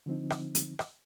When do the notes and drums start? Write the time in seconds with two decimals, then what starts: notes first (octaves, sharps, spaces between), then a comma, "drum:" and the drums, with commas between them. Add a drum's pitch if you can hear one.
0.06 D3 F3 C4 D#4
0.30 drum: rim click
0.55 drum: hi-hat
0.79 drum: rim click